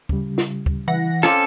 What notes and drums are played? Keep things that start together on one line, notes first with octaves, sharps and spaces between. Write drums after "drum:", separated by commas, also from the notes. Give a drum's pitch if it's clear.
C#3 G3, drum: kick
drum: snare
drum: kick
E3 F#5 A#6
C4 C#4 A4 F5 D6, drum: snare